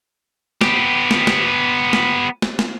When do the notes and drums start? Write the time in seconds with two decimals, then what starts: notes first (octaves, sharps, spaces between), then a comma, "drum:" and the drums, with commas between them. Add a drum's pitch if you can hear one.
0.61 B3 G4, drum: snare
1.11 drum: snare
1.27 drum: snare
1.93 drum: snare
2.42 drum: snare
2.59 drum: snare